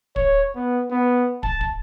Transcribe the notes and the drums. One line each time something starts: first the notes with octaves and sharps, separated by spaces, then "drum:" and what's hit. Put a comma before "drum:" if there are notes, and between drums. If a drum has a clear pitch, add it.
C#5, drum: kick
B3
B3
A5, drum: kick
drum: kick